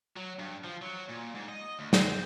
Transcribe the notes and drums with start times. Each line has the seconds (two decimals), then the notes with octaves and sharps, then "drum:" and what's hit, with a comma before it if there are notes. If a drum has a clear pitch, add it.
0.16 F#3
0.39 G2
0.64 F3
0.82 F#3
1.09 A#2
1.34 G#2
1.48 D#5
1.79 D2
1.93 C4, drum: snare